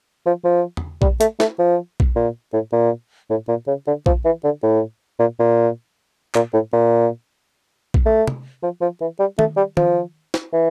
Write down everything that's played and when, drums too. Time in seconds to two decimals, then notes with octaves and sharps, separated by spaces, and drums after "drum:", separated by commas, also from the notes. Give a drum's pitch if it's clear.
0.26 F3
0.45 F3
0.77 drum: tom E2
1.02 G3, drum: kick A#1
1.21 A3, drum: hi-hat
1.40 A3, drum: snare
1.59 F3
2.00 drum: kick A#1
2.16 A#2
2.53 A2
2.73 A#2
3.30 A2
3.49 A#2
3.68 C#3
3.87 D3
4.06 F3, drum: kick A#1
4.25 E3
4.44 D3
4.63 A2
5.20 A#2
5.40 A#2
6.35 A#2, drum: clap
6.54 A2
6.73 A#2
7.94 drum: kick A#1
8.06 A3
8.28 drum: tom
8.63 F3
8.82 F3
9.01 E3
9.20 G3
9.39 A3, drum: tom
9.57 G3
9.77 F3, drum: tom
10.34 drum: snare
10.53 E3